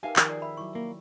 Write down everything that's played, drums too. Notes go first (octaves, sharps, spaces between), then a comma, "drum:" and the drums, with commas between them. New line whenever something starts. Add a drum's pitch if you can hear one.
D#4 G4 A#4 B4 E5 F5 G#5
D#3 F3 A#4 F#5 G#5 A#5, drum: clap
G#4 D5
E5 B5
F#3 E4 C#6 D6
A#3